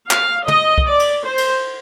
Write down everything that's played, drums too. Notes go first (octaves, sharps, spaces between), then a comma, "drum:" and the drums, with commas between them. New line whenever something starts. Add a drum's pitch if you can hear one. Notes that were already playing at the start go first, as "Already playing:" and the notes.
F5, drum: clap
D#5, drum: tom
drum: kick
D5
drum: cymbal
C5
drum: cymbal